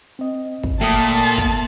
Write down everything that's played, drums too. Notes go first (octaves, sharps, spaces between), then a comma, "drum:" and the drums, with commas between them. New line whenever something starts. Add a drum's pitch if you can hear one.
C4 D#5
drum: kick
A#2 A3 G5 A5 D#6
drum: kick